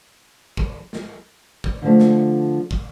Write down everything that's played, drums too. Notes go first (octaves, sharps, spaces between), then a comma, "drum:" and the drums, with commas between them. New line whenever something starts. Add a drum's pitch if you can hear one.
drum: kick
drum: snare
drum: kick
D3 F3 A3
drum: snare
drum: kick